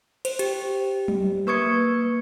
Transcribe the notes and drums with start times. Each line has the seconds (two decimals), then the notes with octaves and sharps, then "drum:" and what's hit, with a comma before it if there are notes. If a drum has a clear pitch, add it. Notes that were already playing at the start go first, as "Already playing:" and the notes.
0.25 C5, drum: cymbal
0.39 G4, drum: cymbal
1.08 drum: tom F#3
1.47 A#3 B4 C#6 D#6 G#6 C#7